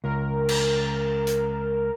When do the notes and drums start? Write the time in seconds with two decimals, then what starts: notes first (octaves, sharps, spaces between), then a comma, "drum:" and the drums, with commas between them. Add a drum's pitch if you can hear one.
0.04 C#2 A#4
0.49 drum: cymbal
1.27 drum: hi-hat